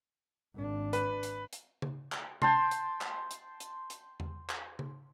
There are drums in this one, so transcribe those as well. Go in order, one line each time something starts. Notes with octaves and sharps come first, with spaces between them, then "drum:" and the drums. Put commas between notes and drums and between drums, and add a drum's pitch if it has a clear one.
G#1 D4
B4, drum: hi-hat
drum: hi-hat
drum: hi-hat
drum: tom C#3
drum: clap
G5 A5 C6, drum: tom C3
drum: hi-hat
drum: clap
drum: hi-hat
drum: hi-hat
drum: hi-hat
drum: tom E2
drum: clap
drum: tom C#3